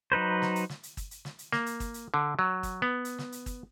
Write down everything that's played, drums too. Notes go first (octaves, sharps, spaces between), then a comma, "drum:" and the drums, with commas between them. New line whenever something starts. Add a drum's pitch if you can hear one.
F#3 D#4 B4 C5
drum: snare
drum: hi-hat
drum: snare
drum: hi-hat
drum: kick, hi-hat
drum: hi-hat
drum: snare
drum: hi-hat
A#3, drum: snare
drum: hi-hat
drum: kick, hi-hat
drum: hi-hat
D3
F#3
drum: kick, hi-hat
B3
drum: hi-hat
drum: snare
drum: hi-hat
drum: kick, hi-hat